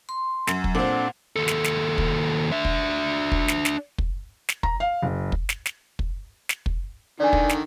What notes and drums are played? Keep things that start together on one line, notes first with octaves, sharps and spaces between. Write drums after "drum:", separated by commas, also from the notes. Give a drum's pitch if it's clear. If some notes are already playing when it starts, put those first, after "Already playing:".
C6
F#2 F#3, drum: snare
drum: kick
A#2 C4 D4 A4 C5 F#5
D#2 A4
drum: snare
drum: snare
drum: kick
D4 E5
drum: kick
drum: kick
drum: snare
drum: snare
drum: kick
drum: snare
A#5, drum: kick
F5
F#1
drum: kick
drum: snare
drum: snare
drum: kick
drum: snare
drum: kick
D3 D#3 D5 G#5
drum: kick
drum: snare